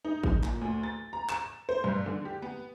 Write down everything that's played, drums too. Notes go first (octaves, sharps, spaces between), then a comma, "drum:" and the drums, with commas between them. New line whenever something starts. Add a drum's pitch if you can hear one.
D#4
drum: kick G#1
A#2, drum: clap
D2
A6
A#5
E7, drum: clap
C5
G2
D3
G4
B3